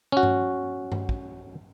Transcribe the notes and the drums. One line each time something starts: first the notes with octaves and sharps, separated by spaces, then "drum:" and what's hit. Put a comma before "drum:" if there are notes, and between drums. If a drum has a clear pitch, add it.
C#4 F#4
drum: tom G2
drum: tom G2
drum: kick